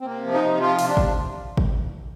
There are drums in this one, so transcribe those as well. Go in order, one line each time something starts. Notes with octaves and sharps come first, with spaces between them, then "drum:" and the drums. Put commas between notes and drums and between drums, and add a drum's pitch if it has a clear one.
C4
C3 A#3
F3
D#4
C3
F3 F4
C3, drum: open hi-hat
D4
C3, drum: kick G#1
drum: kick G#1